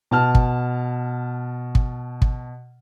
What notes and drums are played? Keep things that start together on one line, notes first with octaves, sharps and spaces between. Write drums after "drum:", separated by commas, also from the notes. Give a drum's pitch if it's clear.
B2 A5 F6
drum: kick
drum: kick
drum: kick